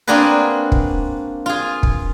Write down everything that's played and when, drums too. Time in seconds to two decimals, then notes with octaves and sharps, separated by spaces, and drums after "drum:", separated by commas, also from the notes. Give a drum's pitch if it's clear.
0.08 A#3 C4 D4 F#4 G#4 B4
0.72 drum: kick
1.46 F4 G#4
1.83 drum: kick